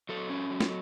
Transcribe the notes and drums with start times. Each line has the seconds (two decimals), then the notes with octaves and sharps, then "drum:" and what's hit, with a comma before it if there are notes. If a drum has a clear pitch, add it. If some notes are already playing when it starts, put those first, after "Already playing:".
0.09 F#3 A4
0.30 C#4
0.50 F#3
0.60 drum: snare